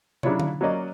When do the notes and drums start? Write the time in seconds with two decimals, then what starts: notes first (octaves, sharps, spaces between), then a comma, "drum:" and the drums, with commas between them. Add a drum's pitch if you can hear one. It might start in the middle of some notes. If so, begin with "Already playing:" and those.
0.23 C#3 F#3 D4 E4 F4 C#5, drum: tom
0.40 drum: tom D3
0.61 F#3 A#3 C#4 D5 D#5